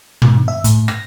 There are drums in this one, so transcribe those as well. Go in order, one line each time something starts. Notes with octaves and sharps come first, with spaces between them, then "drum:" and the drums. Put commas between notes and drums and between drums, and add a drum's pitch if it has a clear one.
B2, drum: tom
E5
A2, drum: hi-hat
A#6, drum: rim click